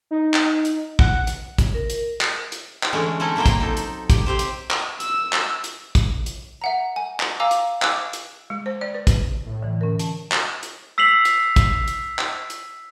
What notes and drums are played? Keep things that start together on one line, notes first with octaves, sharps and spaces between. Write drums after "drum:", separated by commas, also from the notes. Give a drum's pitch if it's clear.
D#4
drum: clap
drum: hi-hat
F#5, drum: kick
drum: hi-hat
drum: kick, hi-hat
A#4
drum: hi-hat
drum: clap
drum: hi-hat
drum: clap
D3 E3 G#3 A3 C#4
A3 C4 C#4 D#4 E4 A4
F3 F#3 A#3 C5 G5
drum: kick, hi-hat
D#4 A4
drum: hi-hat
G4, drum: kick, hi-hat
C4 G4 C5
drum: hi-hat
drum: clap
E6, drum: hi-hat
drum: clap
drum: hi-hat
drum: kick, hi-hat
drum: hi-hat
E5 F#5 A#5
G#5
drum: clap
F5 G#5 A#5 D6 E6
drum: hi-hat
G#5 D6 E6 F#6, drum: clap
drum: hi-hat
G#3
C5
D5
B4
drum: kick, hi-hat
A2
D3 E3
C#4 A#4
A5, drum: hi-hat
drum: clap
drum: hi-hat
E6 B6 C7 F7 F#7
drum: hi-hat
drum: kick, hi-hat
drum: hi-hat
drum: clap
drum: hi-hat